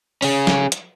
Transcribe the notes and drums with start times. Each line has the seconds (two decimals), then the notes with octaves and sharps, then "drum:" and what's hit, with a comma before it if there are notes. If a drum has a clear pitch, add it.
0.22 C#4 G#4, drum: open hi-hat
0.47 drum: snare
0.72 drum: hi-hat